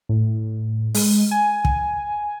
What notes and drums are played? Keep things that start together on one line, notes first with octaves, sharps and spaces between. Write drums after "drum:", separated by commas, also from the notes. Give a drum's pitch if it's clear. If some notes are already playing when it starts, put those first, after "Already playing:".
A2
G#3, drum: open hi-hat
G#5
drum: kick